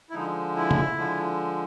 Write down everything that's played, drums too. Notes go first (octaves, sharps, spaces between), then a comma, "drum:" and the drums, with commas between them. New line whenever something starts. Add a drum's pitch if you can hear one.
E4
D3 F3 G#3 D#4
E4
drum: tom
D3 F3 G#3